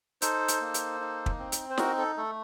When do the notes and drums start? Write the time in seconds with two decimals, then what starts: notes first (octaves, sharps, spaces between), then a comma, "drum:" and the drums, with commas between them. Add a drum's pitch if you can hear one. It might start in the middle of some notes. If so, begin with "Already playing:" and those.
0.22 D#4 A4 C5, drum: hi-hat
0.48 drum: hi-hat
0.61 A#3
0.74 drum: hi-hat
1.00 D#4
1.26 drum: kick
1.39 C4
1.52 drum: hi-hat
1.70 C5
1.78 D#4 F#4 A#4, drum: snare
1.98 A4
2.17 A3 A4